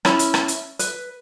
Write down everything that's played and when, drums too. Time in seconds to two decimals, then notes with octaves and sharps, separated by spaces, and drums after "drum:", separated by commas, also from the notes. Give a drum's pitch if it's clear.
0.05 C#4 E4 B5, drum: rim click
0.19 drum: hi-hat
0.34 drum: rim click
0.48 drum: hi-hat
0.79 B4, drum: hi-hat